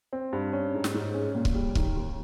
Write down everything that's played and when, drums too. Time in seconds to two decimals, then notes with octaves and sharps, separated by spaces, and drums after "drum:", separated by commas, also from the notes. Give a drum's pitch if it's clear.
0.13 C4
0.33 G2
0.53 C#4
0.74 G#2
0.84 drum: snare
0.94 G#2
1.14 C#4
1.35 A#2
1.45 drum: kick
1.55 G3
1.75 D#3, drum: kick
1.96 D#2